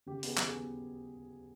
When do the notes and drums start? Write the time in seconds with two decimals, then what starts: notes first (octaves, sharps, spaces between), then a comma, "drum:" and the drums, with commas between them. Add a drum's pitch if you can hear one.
0.06 C#3 G4
0.23 B3 G#4, drum: open hi-hat
0.37 F#3, drum: clap
0.48 G#4
0.54 B3